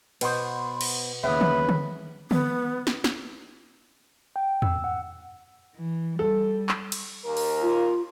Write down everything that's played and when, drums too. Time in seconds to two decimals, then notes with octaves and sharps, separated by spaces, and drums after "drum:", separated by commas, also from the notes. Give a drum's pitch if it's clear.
0.21 B2 B3 C5, drum: cymbal
0.81 drum: cymbal
1.24 D#2 C#3 B3 B4 E5
1.41 drum: tom D3
1.69 drum: tom D3
2.31 B3, drum: tom D3
2.87 drum: snare
3.04 drum: snare
4.36 G5
4.62 E6, drum: tom E2
4.84 F#5
5.75 E3
6.19 G3 A4
6.69 drum: clap
6.92 drum: cymbal
7.25 D#2 A#4
7.37 drum: open hi-hat
7.62 F4